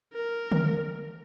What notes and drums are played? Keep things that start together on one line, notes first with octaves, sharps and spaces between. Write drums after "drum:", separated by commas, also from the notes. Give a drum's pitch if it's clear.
A#4
drum: tom D3